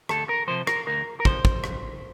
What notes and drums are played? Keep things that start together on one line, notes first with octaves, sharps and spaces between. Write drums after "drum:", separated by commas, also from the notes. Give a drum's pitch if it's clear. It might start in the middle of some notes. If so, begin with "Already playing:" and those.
D2 A4, drum: rim click
A#4
C3 F3 C5
A#4, drum: rim click
D2 A#4
A#4
C3 F3 C5, drum: kick
drum: kick
F2, drum: rim click